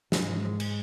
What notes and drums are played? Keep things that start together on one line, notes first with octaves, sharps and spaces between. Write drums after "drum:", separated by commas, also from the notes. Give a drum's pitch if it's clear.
G#2 C3 E3 F3 G#3, drum: snare
drum: cymbal